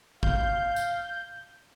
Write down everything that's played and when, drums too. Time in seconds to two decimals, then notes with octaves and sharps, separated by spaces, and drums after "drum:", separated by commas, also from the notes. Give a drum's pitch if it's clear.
0.23 F5 G6, drum: kick G#1
0.76 drum: tambourine